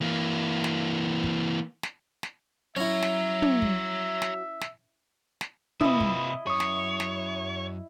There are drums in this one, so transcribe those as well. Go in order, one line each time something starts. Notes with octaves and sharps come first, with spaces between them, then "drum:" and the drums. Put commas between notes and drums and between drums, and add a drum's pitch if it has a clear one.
E3 A#3
drum: snare
drum: kick
drum: snare
drum: snare
F#3 C#4 E4 C#5 E5 A#5
drum: snare
drum: tom
drum: kick
drum: snare
drum: snare
drum: snare
C3 E4 F4 B4 D#5 E5 D#6, drum: tom
drum: kick
F#2 C#5 C#6 D#6
drum: snare
drum: snare